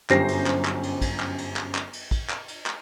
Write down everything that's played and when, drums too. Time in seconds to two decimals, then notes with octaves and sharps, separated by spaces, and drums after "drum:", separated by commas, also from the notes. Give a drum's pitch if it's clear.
0.10 G1 F#2 G4 C5 A#6 C7, drum: clap
0.28 drum: cymbal
0.47 drum: clap
0.65 drum: clap
0.83 drum: cymbal
1.01 drum: kick, cymbal
1.20 drum: clap
1.38 drum: cymbal
1.56 drum: clap
1.75 drum: clap
1.93 drum: cymbal
2.11 drum: kick, cymbal
2.30 drum: clap
2.48 drum: cymbal
2.66 drum: clap